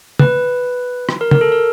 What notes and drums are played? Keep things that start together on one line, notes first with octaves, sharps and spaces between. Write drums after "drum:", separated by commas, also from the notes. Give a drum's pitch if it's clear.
B4, drum: tom
drum: rim click
A#4
A#4, drum: tom
A4
A#4